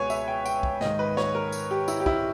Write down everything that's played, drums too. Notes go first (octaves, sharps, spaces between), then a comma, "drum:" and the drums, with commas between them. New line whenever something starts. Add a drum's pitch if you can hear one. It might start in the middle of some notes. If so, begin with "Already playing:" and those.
Already playing: C#2 B2 B4 C#5 G#5
E5, drum: tambourine
G5
G5, drum: tambourine
drum: kick
G#2 D#3 D#5, drum: snare
B4
C#5, drum: snare
A#4
drum: tambourine
G4
E4, drum: tambourine
G4
E4, drum: kick